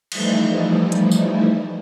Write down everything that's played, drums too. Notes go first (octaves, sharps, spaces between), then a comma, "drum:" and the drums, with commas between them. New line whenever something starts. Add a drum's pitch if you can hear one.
E3 F3 G3 A3 D#4 E4, drum: cymbal
drum: hi-hat
drum: tambourine